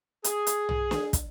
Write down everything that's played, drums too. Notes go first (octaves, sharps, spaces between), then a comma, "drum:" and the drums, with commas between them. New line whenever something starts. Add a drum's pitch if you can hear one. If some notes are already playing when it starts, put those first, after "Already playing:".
G#4, drum: hi-hat
drum: hi-hat
drum: tom
drum: snare
drum: kick, hi-hat